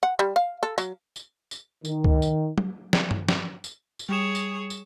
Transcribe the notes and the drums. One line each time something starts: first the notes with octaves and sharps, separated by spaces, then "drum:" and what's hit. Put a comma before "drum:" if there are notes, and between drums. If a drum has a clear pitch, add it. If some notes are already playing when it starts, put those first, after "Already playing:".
F#5
G3
F5
A4
F#3, drum: tambourine
drum: tambourine
drum: tambourine
D#3, drum: tambourine
drum: kick C#2
drum: tambourine
drum: tom F#3
drum: snare
drum: tom G2
drum: snare
drum: tambourine
drum: tambourine
G3 G#4 C#5 E7
drum: tambourine
drum: tambourine